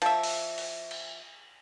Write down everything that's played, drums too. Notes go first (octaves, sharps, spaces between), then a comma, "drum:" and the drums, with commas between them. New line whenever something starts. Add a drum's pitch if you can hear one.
F3 E5, drum: cymbal
drum: open hi-hat
drum: open hi-hat
drum: cymbal